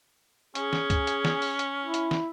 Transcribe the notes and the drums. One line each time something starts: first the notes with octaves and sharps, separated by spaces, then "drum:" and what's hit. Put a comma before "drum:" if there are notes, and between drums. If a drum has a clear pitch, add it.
C#4 G#4, drum: hi-hat
drum: snare
drum: kick C#2, hi-hat
drum: hi-hat
drum: snare
drum: open hi-hat
drum: hi-hat
E4
drum: hi-hat
drum: snare